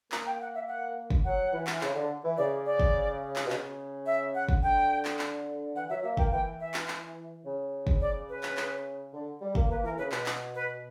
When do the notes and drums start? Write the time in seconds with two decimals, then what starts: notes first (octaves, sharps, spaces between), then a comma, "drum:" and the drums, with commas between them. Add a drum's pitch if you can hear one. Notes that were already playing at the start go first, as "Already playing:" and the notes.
0.12 A#3 A#5, drum: clap
0.26 G5
0.41 F#5
0.55 E5
0.68 F#5
1.10 drum: kick
1.24 F#3 F#5
1.52 E3
1.67 drum: clap
1.81 C#3, drum: clap
1.94 D3
2.24 E3
2.37 C#3 D5
2.66 D5
2.80 drum: kick
3.36 drum: clap
3.45 B2
3.50 C#3, drum: clap
4.06 E5
4.35 F#5
4.49 drum: kick
4.63 D3 G5
5.05 drum: clap
5.19 drum: clap
5.75 E3 F#5
5.89 F#3 E5
6.03 A#3 E5
6.17 A#3 G5, drum: kick
6.32 E3 G5
6.60 E5
6.74 drum: clap
6.88 drum: clap
7.44 C#3
7.87 drum: kick
8.01 D5
8.29 B4
8.43 drum: clap
8.57 drum: clap
9.13 D3
9.42 G3
9.55 A#3, drum: kick
9.70 A#3 B4
9.84 E3 A#4
9.98 C#3 B4
10.12 B2 B4, drum: clap
10.26 drum: clap
10.55 B4